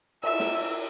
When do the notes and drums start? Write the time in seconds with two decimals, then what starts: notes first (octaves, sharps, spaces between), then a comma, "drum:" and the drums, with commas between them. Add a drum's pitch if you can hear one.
0.23 E5, drum: cymbal
0.40 drum: snare